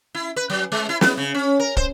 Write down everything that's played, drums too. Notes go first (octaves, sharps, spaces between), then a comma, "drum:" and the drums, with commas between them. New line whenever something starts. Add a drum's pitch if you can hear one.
E4
B4
F#3
G#3
E4
B3, drum: snare
C#3
C#4
A#4
C5, drum: kick